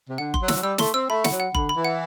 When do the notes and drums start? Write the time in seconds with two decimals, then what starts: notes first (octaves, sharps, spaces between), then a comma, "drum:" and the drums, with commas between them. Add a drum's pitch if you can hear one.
0.09 C3
0.18 D3 F#5
0.34 C6, drum: kick F#1
0.42 F#3
0.48 E6, drum: snare
0.56 F#3
0.63 G3 E6
0.78 A3 C6, drum: snare
0.94 C4 E6
1.10 A3 B5
1.24 F#5, drum: snare
1.32 F#3
1.40 F#5
1.55 D3 B5, drum: kick F#1
1.69 B5
1.77 E3
1.85 F#5